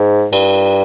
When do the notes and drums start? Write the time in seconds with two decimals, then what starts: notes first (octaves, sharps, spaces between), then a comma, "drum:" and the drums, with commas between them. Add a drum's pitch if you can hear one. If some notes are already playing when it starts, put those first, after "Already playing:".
Already playing: G#2
0.33 G2, drum: cymbal